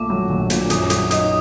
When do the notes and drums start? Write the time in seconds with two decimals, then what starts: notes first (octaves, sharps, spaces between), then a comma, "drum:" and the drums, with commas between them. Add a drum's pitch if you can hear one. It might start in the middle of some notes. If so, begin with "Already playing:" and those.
Already playing: A#1 A#2 A3 D6
0.10 F#3
0.29 A#1
0.50 A#2, drum: hi-hat
0.70 F#2 D#6, drum: hi-hat
0.90 F#3 D#6, drum: hi-hat
1.11 D#4 D#6, drum: hi-hat